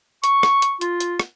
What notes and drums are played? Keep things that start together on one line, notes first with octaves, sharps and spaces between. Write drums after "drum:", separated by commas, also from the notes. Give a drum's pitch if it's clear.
C#6, drum: hi-hat
drum: rim click
drum: hi-hat
F4, drum: hi-hat
drum: hi-hat
drum: rim click